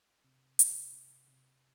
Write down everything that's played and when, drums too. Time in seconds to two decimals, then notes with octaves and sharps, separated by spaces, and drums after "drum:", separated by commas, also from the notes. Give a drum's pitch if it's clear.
0.24 C3
0.59 C3, drum: hi-hat
0.93 C3
1.28 C3